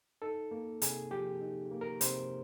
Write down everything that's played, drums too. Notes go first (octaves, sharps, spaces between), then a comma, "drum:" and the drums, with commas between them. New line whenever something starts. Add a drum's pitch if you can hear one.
D#4 A4
A#3
C3 G#4, drum: hi-hat
F3 G4
D#4
A#3
A#4
C3 C5, drum: hi-hat